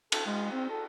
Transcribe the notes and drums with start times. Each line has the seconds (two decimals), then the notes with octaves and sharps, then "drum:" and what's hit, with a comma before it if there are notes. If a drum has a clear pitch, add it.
0.12 A4, drum: cymbal
0.26 G#3
0.52 C4
0.70 A4